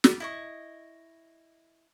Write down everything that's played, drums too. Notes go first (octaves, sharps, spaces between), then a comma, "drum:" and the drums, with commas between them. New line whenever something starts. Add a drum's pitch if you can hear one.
drum: snare
E4 D#5 C#6